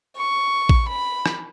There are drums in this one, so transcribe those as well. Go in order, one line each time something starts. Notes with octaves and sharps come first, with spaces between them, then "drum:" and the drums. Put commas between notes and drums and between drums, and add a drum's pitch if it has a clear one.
C#6
drum: kick
B5
drum: rim click